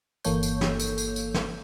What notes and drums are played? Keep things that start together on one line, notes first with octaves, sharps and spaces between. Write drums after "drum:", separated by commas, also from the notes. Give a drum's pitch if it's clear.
G1 E3 A#3 A4 C#5 G6, drum: tambourine
drum: tambourine
drum: snare
drum: tambourine
drum: tambourine
drum: tambourine
drum: snare